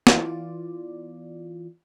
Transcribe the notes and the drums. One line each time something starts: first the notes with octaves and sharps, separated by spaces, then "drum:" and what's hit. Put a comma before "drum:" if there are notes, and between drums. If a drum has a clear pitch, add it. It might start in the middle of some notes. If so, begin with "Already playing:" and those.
E3 B3 F4 D5, drum: snare